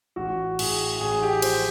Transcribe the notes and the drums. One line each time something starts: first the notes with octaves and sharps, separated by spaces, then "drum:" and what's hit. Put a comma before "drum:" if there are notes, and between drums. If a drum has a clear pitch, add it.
A1 F#4
A2 G#4, drum: cymbal
A1 G#4
G4
F3 C5, drum: cymbal